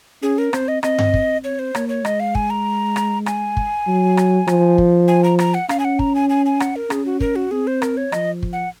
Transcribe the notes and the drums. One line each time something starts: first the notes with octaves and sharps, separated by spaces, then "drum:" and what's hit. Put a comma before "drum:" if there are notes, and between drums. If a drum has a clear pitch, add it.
C#4 G#4
A#4
C4 C5, drum: rim click
D#5
C4 D#5, drum: rim click
drum: tom G2
drum: kick
C4 C#5
C5
A#3 C#5, drum: rim click
C#5
G#3 D#5, drum: rim click
F5
G#5, drum: kick
A#5
drum: rim click
G#5, drum: rim click
drum: kick
F#3
drum: rim click
F3, drum: rim click
drum: kick
G#5
A#5
A#5, drum: rim click
F#5
C#4 F5, drum: rim click
G#5
F#5
A#5, drum: kick
G#5
G#5
G#5
F#5, drum: rim click
A#4
C#4 G#4, drum: rim click
F#4
A#4, drum: kick
F#4
C4 G#4
C5
A#4, drum: rim click
C#5
F3 D#5, drum: rim click
drum: kick
F#5